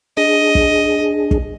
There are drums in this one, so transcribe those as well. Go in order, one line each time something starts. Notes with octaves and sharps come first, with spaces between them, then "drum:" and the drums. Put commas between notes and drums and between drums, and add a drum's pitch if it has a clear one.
D4 G#4 D#5
drum: kick
drum: kick